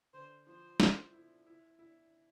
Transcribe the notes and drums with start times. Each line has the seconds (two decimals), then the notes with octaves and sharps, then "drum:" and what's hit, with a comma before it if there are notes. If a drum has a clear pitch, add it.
0.13 D3 C5
0.46 F3 C5
0.80 E4, drum: snare
1.13 E4
1.46 E4
1.79 E4